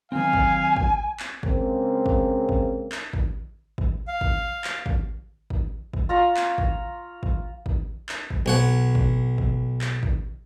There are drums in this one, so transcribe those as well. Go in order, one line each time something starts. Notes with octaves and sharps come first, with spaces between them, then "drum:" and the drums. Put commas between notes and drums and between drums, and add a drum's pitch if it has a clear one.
D#3 F#3 C4 F5 G#5
drum: kick
drum: kick
drum: clap
C#3 G#3 A#3 C4, drum: kick
drum: kick
drum: kick
drum: clap
drum: kick
drum: kick
F5
drum: kick
drum: clap
drum: kick
drum: kick
drum: kick
F4 F5 A#5 C#6
drum: clap
drum: kick
drum: kick
drum: kick
drum: clap
drum: kick
B1 C#5 F#5
drum: kick
drum: kick
drum: clap
drum: kick